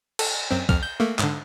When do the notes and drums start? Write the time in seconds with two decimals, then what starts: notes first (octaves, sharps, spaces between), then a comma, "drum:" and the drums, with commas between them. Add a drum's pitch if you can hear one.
0.19 A4, drum: cymbal
0.51 F#2 C4
0.69 F2 F6, drum: kick
0.83 G6
1.00 A3 A#3
1.19 G#2 D3, drum: clap